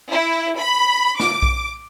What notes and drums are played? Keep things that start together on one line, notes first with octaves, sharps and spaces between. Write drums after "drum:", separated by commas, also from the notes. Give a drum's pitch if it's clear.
E4
B5
D6, drum: snare
drum: kick B1